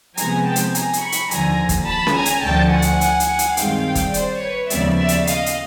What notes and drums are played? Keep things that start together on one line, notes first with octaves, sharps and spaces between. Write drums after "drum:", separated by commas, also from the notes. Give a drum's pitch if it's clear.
C3 F3 G#3 B3 G#5 A#5, drum: hi-hat
G5 A5
drum: hi-hat
G#5 A#5, drum: hi-hat
drum: hi-hat
B5 C#6
drum: hi-hat
D#2 D3 F3 G#5 A#5, drum: hi-hat
drum: kick, hi-hat
A5 B5
drum: snare C#4
G#5 A#5
drum: hi-hat
D2 D3 F3 A3 G5 A5
F#5 G#5
drum: hi-hat
drum: hi-hat
drum: hi-hat
drum: hi-hat
G2 D#3 G#3 C4 F5 G5, drum: hi-hat
F5 G5
drum: kick, hi-hat
C5 D5, drum: hi-hat
B4 C#5
D#2 C#3 F3 G#3 B3 D5 E5, drum: hi-hat
D5 E5
drum: hi-hat
D#5 F5, drum: hi-hat
drum: hi-hat